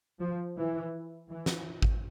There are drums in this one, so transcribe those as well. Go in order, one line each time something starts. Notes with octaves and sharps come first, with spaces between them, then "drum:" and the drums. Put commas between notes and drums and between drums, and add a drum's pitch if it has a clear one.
F3
E3
E3
drum: snare
drum: kick G#1